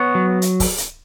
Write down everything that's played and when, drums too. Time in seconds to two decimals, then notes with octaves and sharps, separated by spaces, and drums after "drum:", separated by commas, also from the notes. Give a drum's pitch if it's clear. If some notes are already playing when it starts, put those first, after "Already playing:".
Already playing: B3 C#5
0.15 F#3
0.42 drum: hi-hat
0.60 drum: kick, open hi-hat
0.78 drum: hi-hat